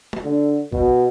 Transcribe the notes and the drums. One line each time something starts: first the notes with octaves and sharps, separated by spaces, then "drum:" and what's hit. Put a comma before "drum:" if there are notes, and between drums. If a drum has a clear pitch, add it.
drum: tom
D3
B2, drum: kick